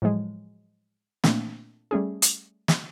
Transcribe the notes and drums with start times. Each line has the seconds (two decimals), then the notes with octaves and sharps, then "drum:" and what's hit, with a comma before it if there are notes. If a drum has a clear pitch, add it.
0.02 A2 F3 F#3 G#3
1.24 A#2 A3 A#3 C4 D4, drum: snare
1.91 G3 A3 C#4 G#4
2.22 drum: hi-hat
2.68 drum: snare